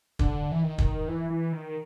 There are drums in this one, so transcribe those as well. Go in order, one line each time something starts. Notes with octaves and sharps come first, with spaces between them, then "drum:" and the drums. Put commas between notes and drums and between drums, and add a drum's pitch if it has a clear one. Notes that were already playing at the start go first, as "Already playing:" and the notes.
D3, drum: kick
E3
D#3
drum: kick
E3
E3
D#3